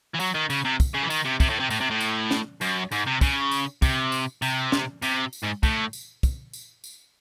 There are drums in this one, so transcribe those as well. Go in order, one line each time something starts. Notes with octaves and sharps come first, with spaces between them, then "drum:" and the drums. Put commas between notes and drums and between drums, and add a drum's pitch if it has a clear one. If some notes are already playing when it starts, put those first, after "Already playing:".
E3
F#3, drum: tambourine
D#3
C#3, drum: tambourine
C3
drum: kick, tambourine
C#3
E3
D#3, drum: tambourine
C3
C3, drum: kick, tambourine
A2
C3
A2, drum: tambourine
C3
A2
drum: tambourine
drum: snare
F#2, drum: tambourine
G#2, drum: tambourine
C3
C#3, drum: kick, tambourine
drum: tambourine
C3, drum: kick, tambourine
drum: tambourine
C3, drum: tambourine
drum: snare
C3, drum: tambourine
drum: tambourine
G#2
A2, drum: kick, tambourine
drum: tambourine
drum: kick, tambourine
drum: tambourine
drum: tambourine